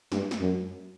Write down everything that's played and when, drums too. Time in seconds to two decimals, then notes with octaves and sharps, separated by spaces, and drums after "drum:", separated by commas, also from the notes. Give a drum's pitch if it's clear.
0.12 G2, drum: snare
0.31 drum: snare
0.41 F#2